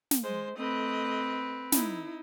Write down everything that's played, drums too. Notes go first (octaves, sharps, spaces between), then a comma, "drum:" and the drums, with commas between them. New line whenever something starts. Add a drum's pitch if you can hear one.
drum: snare
G#3 C5
A3 C4 B4 D#5
D#4 E4, drum: snare